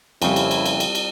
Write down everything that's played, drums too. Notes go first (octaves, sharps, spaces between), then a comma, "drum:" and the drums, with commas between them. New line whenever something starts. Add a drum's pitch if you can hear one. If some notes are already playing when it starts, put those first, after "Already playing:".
F2 C#3 G3 A#3 C4 C#4 E4 F4, drum: cymbal
drum: cymbal
drum: cymbal
drum: cymbal
drum: cymbal
drum: cymbal